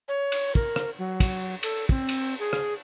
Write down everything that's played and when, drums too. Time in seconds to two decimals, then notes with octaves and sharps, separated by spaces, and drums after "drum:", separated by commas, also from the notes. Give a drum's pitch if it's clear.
0.08 C#5
0.32 drum: cymbal
0.55 A#4, drum: kick
0.76 drum: rim click
0.98 F#3
1.20 drum: kick, cymbal
1.63 A4, drum: cymbal
1.89 C4, drum: kick
2.09 drum: cymbal
2.40 G#4
2.53 drum: rim click